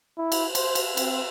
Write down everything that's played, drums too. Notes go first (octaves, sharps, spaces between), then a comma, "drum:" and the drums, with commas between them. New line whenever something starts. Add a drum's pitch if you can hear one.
E4
drum: cymbal
C5, drum: cymbal
drum: cymbal
C4, drum: cymbal